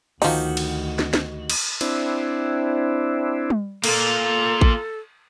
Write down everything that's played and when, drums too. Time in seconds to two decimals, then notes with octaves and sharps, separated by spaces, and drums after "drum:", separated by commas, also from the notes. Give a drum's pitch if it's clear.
0.22 D2 D#3 F3 D#4 F#4 G4, drum: open hi-hat
0.57 drum: cymbal
0.99 drum: snare
1.14 drum: snare
1.50 drum: cymbal
1.81 C4 D4 E4, drum: cymbal
3.50 drum: tom G3
3.84 A#3 F4 A4, drum: cymbal
4.61 drum: kick A1